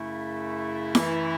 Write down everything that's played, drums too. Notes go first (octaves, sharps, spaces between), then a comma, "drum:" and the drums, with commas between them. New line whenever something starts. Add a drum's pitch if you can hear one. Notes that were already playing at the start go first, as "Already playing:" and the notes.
Already playing: F#2 C#3 A3 E4
F#2 E3 A3 E4, drum: snare E4